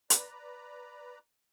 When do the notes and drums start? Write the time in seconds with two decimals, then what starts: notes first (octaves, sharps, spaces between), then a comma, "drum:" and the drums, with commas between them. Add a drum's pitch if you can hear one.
0.10 B4 D5 A#5, drum: hi-hat